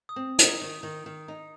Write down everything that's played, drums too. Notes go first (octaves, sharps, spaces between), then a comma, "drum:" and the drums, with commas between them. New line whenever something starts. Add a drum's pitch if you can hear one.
D#6
C4
D#4, drum: hi-hat
D#3
D#3
D#3
D#4